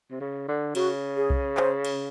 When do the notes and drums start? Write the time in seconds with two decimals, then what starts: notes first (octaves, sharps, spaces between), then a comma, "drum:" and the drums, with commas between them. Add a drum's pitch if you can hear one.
0.11 C3
0.20 C#3
0.48 D3
0.75 C#3 F#4, drum: cymbal
1.17 G#4
1.30 drum: kick B1
1.57 C5, drum: clap
1.85 drum: cymbal